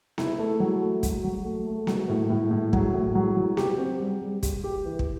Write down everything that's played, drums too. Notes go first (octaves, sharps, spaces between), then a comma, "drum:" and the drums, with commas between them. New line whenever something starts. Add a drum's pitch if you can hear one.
E4, drum: snare B3
A3
F#3
A3
F#3, drum: kick, hi-hat
F#3
A3
A3
F#3, drum: snare B3
A2
A2
A2
F#3, drum: kick
A2
F#3
F#3
G4, drum: snare B3
C4
G3
G3
G4, drum: kick, hi-hat
G4
E3
drum: kick